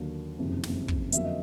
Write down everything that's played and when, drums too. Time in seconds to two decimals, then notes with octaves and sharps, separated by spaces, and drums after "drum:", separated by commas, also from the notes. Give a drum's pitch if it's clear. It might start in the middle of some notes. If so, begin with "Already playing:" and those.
Already playing: D#2 D3 F#3 A#3
0.39 F#1 F2 C3 D#3
0.63 drum: snare
0.88 drum: kick
1.13 F2 D3 F#3 A#3 E5, drum: hi-hat
1.24 D#5